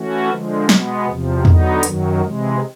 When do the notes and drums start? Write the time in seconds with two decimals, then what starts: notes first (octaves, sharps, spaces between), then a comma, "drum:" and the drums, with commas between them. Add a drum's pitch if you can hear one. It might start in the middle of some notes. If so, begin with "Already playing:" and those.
Already playing: E3 A3 C#4 F#4
0.30 D3 F3 G#3
0.69 B2 G#3 B3, drum: snare
1.07 E2 C3 F3
1.45 D3 F#3 B3 D#4, drum: tom E2
1.83 F#2 D#3 F#3, drum: hi-hat
2.21 C3 E3 G#3